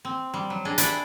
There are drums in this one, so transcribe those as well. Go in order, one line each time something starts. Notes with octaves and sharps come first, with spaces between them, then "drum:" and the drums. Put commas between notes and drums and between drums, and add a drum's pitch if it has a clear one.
C4
G3
F#3
D4 G#4 D#5
G#4 B4 D5 E5 G5, drum: hi-hat